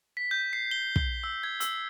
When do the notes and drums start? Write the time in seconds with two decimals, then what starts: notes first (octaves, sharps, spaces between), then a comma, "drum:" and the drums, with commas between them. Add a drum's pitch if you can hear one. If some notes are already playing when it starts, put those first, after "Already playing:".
0.17 B6
0.31 G6
0.53 C7
0.71 G7
0.96 G7, drum: kick
1.24 E6
1.43 G#6
1.60 E6, drum: hi-hat